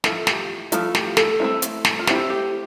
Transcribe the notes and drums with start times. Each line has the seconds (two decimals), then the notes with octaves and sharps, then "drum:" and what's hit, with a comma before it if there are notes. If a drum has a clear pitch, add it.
0.04 F3 A3 E4 A4, drum: snare
0.27 G4, drum: snare
0.72 F3 A3 E4 F4, drum: hi-hat
0.95 G4, drum: snare
1.17 A4, drum: snare
1.40 A3 C4 E4
1.62 drum: hi-hat
1.85 drum: snare
1.99 F4
2.07 A3 C4 E4 G4, drum: snare
2.30 G4